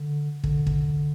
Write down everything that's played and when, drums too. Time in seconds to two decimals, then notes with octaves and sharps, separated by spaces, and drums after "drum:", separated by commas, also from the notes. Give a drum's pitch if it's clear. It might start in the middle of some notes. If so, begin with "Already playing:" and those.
Already playing: D3
0.44 D3, drum: kick
0.67 drum: kick